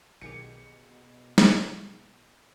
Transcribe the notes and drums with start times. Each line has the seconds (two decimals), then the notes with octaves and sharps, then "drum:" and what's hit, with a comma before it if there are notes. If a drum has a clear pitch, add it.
0.21 B1 B2 D#3 G4 G#4 C#5 D6 C#7
1.38 drum: snare